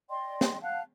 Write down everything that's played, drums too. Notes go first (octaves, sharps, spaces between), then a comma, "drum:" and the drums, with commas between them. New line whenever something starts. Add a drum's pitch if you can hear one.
D5 D#5 G5 C6
drum: snare
F5 F#5 A5 F#6